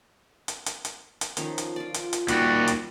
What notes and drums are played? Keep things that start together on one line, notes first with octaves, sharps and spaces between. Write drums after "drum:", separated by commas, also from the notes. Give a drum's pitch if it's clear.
drum: hi-hat
drum: hi-hat
drum: hi-hat
drum: hi-hat
D#3 F3 C#4, drum: hi-hat
drum: hi-hat
F4 D5
drum: hi-hat
drum: hi-hat
D#2 G3 F#4, drum: hi-hat
drum: hi-hat